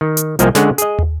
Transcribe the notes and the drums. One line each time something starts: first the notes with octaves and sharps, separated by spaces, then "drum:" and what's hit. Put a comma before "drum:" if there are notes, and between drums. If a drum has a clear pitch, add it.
D#3
drum: hi-hat
C2 F3 A#3 D#5 G5 G#5, drum: hi-hat
D3 G#3 C#4 D4 C#5 F#5, drum: snare
G#4 D#5, drum: hi-hat
drum: tom